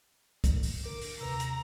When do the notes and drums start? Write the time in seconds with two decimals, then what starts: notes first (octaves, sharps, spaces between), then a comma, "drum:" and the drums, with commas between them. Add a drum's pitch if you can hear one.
0.44 drum: kick, hi-hat
0.63 drum: open hi-hat
0.85 D3 A#4 D6
1.01 drum: open hi-hat
1.21 D#2 C3 B4 A#5 E6
1.40 drum: hi-hat